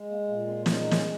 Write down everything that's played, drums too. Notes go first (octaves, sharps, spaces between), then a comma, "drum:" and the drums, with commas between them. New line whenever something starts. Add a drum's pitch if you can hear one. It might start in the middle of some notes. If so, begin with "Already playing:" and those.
Already playing: G#3
A#3
A#2 A#3
C4
G#3 C#4, drum: snare
D#4
C#4, drum: snare